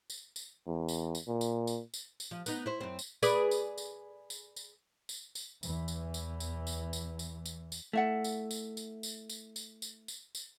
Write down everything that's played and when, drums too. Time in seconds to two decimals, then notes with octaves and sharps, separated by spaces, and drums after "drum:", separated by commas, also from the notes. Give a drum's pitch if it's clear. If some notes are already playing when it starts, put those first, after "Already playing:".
0.10 drum: tambourine
0.36 drum: tambourine
0.67 E2
0.88 drum: tambourine
1.15 drum: tambourine
1.27 A#2
1.41 drum: tambourine
1.67 drum: tambourine
1.94 drum: tambourine
2.20 drum: tambourine
2.31 F3
2.46 B3 D#4, drum: tambourine
2.66 E4 C5
2.80 F#2 C4
2.99 drum: tambourine
3.23 G#4 B4 D5, drum: tambourine
3.51 drum: tambourine
3.78 drum: tambourine
4.30 drum: tambourine
4.56 drum: tambourine
5.09 drum: tambourine
5.35 drum: tambourine
5.63 E2 E3, drum: tambourine
5.88 drum: tambourine
6.14 drum: tambourine
6.40 drum: tambourine
6.67 drum: tambourine
6.93 drum: tambourine
7.19 drum: tambourine
7.46 drum: tambourine
7.72 drum: tambourine
7.93 A3 E4 E5 F#5
8.24 drum: tambourine
8.51 drum: tambourine
8.77 drum: tambourine
9.03 drum: tambourine
9.30 drum: tambourine
9.56 drum: tambourine
9.82 drum: tambourine
10.08 drum: tambourine
10.35 drum: tambourine